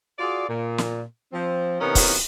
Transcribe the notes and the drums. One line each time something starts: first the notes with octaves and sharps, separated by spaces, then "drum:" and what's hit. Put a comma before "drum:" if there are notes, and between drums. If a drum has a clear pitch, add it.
F4 F#4 G#4 D5
A#2
drum: snare
F3 C4
C3 E3 B3 C#4 D#4 A#4
drum: kick, open hi-hat